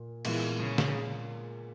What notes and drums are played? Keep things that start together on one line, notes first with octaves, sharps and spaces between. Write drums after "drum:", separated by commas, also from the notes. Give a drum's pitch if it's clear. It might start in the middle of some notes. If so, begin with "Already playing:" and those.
Already playing: A#2
A#2 E3 G#3 B3, drum: cymbal
C#3
drum: snare